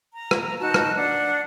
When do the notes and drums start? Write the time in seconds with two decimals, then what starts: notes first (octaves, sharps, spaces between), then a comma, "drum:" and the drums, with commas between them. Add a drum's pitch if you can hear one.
0.14 A#5
0.31 drum: rim click
0.60 D#4 F#4 A5
0.74 drum: rim click
0.95 D4 F#5